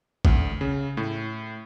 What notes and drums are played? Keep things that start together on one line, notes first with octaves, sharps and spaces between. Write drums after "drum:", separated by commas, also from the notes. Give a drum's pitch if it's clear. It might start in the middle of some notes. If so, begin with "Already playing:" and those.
D2, drum: kick A1
C#3
A2